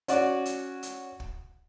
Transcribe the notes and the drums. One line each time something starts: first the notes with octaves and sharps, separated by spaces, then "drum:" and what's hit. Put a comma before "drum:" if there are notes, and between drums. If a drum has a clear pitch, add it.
C#4 F#4 D5, drum: hi-hat
drum: hi-hat
drum: hi-hat
drum: kick